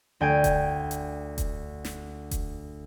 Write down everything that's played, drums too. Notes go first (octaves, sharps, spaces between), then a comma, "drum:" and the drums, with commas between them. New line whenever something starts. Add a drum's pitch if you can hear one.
D2 G5 G#5 D7
drum: kick E1, hi-hat
drum: hi-hat
drum: kick E1, hi-hat
drum: snare
drum: kick E1, hi-hat